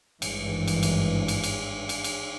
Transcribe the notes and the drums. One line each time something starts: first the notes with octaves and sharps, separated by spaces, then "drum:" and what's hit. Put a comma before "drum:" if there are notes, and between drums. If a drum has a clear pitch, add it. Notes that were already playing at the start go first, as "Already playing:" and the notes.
G#1 G2 E3, drum: cymbal
drum: cymbal
drum: cymbal
drum: cymbal
drum: cymbal
drum: cymbal
drum: cymbal